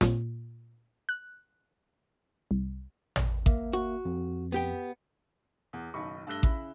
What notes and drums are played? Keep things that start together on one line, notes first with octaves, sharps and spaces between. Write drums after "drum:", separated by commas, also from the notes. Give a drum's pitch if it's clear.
A#2, drum: snare
F#6
C2
drum: tom
A#3 E5, drum: kick A1
F#4
F2
B3 G4 G5
E2
F#1 B1 D#3 D#4 B5 C#6
G2 A3 E6 F#6 A#6 G7
C#3 E4 B5, drum: kick A1